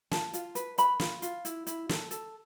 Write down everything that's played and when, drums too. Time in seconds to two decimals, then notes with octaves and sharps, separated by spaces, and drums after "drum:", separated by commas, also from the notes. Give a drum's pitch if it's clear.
0.11 F4 A5, drum: snare
0.33 F4, drum: hi-hat
0.55 B4, drum: hi-hat
0.78 B4 B5, drum: hi-hat
1.00 F4, drum: snare
1.22 F4, drum: hi-hat
1.45 E4, drum: hi-hat
1.67 E4, drum: hi-hat
1.89 A4, drum: snare
2.11 A4, drum: hi-hat